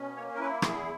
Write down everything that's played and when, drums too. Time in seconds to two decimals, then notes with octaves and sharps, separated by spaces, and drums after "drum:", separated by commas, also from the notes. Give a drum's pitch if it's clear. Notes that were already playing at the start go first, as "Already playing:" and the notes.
Already playing: B2 C#4
0.16 A#3 C#5
0.35 A#4
0.39 E4 B4
0.62 E2 G#4, drum: rim click